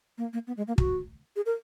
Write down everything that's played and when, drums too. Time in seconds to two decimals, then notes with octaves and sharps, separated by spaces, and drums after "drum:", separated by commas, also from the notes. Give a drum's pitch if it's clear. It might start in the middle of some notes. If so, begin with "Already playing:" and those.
0.18 A#3
0.33 A#3
0.47 B3
0.57 G#3
0.68 A#3
0.78 F#4, drum: kick
1.36 G#4
1.46 A#4